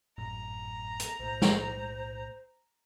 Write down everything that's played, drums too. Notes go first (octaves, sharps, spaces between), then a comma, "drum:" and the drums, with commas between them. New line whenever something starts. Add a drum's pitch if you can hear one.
G#1 F#2 A2 A#5
drum: hi-hat
B1 A2 C5
drum: snare